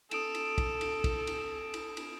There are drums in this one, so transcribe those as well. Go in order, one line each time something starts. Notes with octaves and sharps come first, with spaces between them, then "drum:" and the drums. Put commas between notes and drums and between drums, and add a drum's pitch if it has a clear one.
A4 D#6 D7 E7, drum: cymbal
drum: cymbal
drum: kick, cymbal
drum: cymbal
drum: kick, cymbal
drum: cymbal
drum: cymbal
drum: cymbal